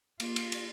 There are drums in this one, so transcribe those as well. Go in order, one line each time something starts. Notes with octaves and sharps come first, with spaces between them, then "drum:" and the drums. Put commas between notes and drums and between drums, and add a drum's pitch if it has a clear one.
A#3 F4, drum: cymbal
drum: cymbal
drum: cymbal